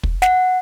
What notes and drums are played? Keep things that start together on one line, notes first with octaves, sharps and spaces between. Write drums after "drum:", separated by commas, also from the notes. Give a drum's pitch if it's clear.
drum: kick
F#5, drum: snare